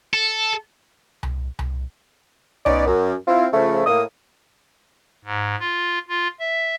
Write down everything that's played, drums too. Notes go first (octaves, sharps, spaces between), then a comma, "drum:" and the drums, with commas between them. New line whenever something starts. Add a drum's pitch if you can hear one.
A4
drum: tom C2
drum: tom C2
B3 C#4 D#4 C#5 D5, drum: tom C2
F#2
C4 E4 F4
C#3 F3 A3
A2 A#3 D#6
G#2
F4
F4
E5